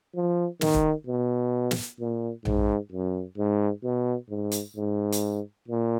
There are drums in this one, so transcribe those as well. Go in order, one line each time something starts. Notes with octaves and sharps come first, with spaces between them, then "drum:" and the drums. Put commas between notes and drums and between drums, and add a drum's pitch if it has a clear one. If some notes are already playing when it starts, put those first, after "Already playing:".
F3
D#3, drum: snare
drum: kick
B2
drum: snare
A#2
G#2, drum: tom A#1
F#2
G#2
B2
G#2
drum: hi-hat
G#2
drum: hi-hat
A#2